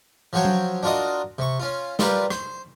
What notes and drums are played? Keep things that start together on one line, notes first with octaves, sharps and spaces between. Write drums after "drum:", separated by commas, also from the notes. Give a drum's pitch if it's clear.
F3 F#3 F#4 C#5 G5
drum: tom F#3
D4 F4 F#4 A#4 D#5
C3 C#6
C#4 F4
G3 F4 G4 A#4 B4, drum: snare
C5, drum: rim click